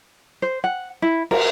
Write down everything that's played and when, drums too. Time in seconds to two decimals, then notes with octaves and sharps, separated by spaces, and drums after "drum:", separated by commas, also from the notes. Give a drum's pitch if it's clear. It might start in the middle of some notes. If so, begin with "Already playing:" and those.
0.42 C5
0.64 F#5
1.02 E4
1.31 A#4, drum: cymbal